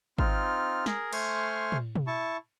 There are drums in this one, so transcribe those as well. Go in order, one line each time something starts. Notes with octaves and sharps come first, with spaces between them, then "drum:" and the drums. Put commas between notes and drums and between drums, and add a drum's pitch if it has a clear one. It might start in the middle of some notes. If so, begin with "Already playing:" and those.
C4 D#4 F4 F6, drum: kick G#1
G#4 A#4, drum: snare
A3 C5 G#5 C6 C#6 F6, drum: cymbal
drum: tom
drum: tom
E4 A5 C#6